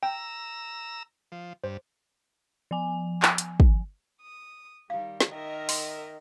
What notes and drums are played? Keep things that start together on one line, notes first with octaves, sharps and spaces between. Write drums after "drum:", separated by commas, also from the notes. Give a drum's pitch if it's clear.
G5 A#5 E6
F3
G2 C5
F3 G#5
drum: clap
drum: hi-hat
drum: kick
D#6
D#3 G3 F5
drum: snare
D#3 A#4 D#5 E5
C6, drum: open hi-hat